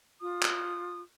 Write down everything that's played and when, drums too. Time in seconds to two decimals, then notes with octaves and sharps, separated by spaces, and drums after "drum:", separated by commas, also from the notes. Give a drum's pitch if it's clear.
0.22 F4 D#6
0.43 drum: clap